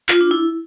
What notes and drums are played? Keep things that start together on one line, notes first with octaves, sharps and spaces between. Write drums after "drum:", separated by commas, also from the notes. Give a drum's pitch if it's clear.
F4, drum: clap
D4
E4